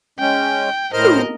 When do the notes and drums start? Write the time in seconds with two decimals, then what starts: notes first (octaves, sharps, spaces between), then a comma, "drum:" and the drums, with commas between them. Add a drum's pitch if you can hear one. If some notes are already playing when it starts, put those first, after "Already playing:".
0.19 G#3 C#4 G5
0.93 A2 A#4 C5 D#5 F6
1.05 drum: tom